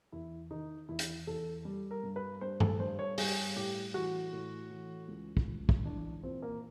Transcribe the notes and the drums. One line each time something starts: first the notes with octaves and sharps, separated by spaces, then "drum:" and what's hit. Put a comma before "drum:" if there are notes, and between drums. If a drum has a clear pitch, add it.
E2 E4
D#3 D#4
E2 E4
drum: hi-hat
E2 A4
G3
A#4
G2
B4
G2 C5
A4, drum: tom G2
G2 C5
C#5
G3 G#4, drum: open hi-hat
A2 G4
E3 F#4
A2
E3
C#2
drum: kick
C#2
drum: kick
E3 D4
A#2 C4
A#3